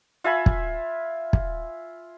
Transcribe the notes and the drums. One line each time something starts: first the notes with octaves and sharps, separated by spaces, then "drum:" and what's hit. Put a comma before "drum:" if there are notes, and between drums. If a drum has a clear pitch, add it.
F4 E5 G#5 B5
drum: kick
drum: kick